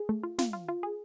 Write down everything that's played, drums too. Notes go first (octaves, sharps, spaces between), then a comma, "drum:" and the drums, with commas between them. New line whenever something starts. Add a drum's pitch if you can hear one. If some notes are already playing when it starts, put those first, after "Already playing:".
Already playing: G#4
A3
F4
F4, drum: snare
F4
F4
G#4